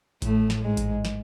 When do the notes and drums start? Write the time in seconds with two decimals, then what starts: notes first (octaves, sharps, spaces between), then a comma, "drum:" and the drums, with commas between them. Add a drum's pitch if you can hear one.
0.22 A2 A3, drum: kick A1, hi-hat
0.50 drum: snare
0.63 G#2 G#3
0.77 drum: kick A1, hi-hat
1.05 drum: snare